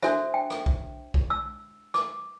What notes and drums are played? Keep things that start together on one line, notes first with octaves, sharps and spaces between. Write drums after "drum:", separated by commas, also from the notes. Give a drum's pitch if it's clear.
D4 F#4 A4 C5 E5, drum: rim click
G5
drum: rim click
drum: kick B1
drum: kick B1
E6
D6, drum: rim click